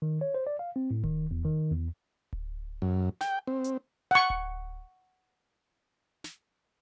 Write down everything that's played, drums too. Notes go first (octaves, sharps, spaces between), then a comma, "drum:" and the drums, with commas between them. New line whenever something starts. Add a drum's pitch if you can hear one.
D#3
C#5
C5
D5
F5
C4
A2
D#3, drum: kick D1
E2
D#3
E2
drum: kick D1
F#2
G5, drum: snare
C4
drum: hi-hat
F#5 C#6
drum: kick D1
drum: snare